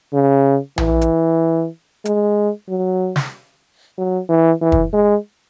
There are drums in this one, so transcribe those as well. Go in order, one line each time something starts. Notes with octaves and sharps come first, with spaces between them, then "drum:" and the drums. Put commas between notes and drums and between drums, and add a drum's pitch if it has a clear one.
C#3
E3, drum: tom A#1
drum: hi-hat
G#3, drum: hi-hat
F#3
drum: snare
F#3
E3
E3
drum: kick
G#3